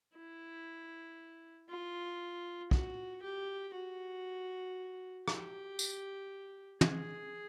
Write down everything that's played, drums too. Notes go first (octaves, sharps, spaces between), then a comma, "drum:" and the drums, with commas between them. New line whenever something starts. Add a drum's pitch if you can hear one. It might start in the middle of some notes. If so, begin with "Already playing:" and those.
E4
F4
F#4, drum: kick
G4
F#4
G4, drum: rim click
drum: tambourine
G#4, drum: tom